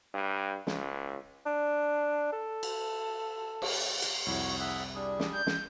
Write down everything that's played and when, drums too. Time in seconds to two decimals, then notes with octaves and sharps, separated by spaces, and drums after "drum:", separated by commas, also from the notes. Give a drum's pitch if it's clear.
0.14 G2
0.67 C#2, drum: snare
1.46 D4
2.33 A4
2.63 drum: cymbal
3.62 drum: cymbal
4.02 drum: hi-hat
4.26 C2 F2 E4 F#4 C#5
4.59 G#4 E5 F#5
4.95 G3 D4 G#4
5.20 drum: snare
5.33 G6
5.47 drum: snare